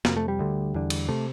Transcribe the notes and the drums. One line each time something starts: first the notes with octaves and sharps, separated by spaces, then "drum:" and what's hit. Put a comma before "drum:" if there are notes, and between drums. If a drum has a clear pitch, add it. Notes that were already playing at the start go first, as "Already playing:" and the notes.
F2 C3 A#3, drum: snare
A3
G3
D2 D3
E2 D3
drum: cymbal
C3 A3